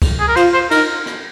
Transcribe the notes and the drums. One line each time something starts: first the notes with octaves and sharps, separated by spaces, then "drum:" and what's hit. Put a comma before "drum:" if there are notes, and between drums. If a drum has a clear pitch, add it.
drum: kick, cymbal
G#4
A#4
F4 C5, drum: cymbal
C5
D#4 A#4, drum: cymbal
drum: rim click